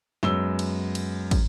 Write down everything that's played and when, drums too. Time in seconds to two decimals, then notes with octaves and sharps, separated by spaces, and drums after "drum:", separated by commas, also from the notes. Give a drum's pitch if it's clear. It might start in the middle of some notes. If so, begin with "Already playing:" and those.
0.23 F#2 F#3 G#3 B3 E6 G7, drum: snare
0.59 drum: cymbal
0.95 drum: cymbal
1.31 drum: kick, cymbal